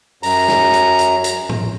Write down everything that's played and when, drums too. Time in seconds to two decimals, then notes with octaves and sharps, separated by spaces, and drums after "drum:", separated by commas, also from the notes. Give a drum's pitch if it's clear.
0.23 F#2 A#5, drum: open hi-hat
0.48 drum: snare
0.74 drum: hi-hat
0.99 drum: hi-hat
1.24 drum: hi-hat
1.49 drum: tom